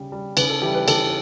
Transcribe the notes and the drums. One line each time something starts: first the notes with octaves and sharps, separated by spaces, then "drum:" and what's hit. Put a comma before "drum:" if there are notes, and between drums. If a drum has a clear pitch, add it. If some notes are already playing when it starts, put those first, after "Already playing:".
Already playing: C#3 G3
G3
C#3 B4, drum: cymbal
A4
E3 G3 G4
B4
C#3 A4, drum: cymbal